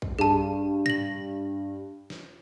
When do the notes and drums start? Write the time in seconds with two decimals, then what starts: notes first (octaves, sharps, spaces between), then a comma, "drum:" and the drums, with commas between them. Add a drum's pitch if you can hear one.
0.02 drum: kick
0.19 G2 G#4 A5
0.86 A#6 F#7, drum: tom G#2
2.10 drum: snare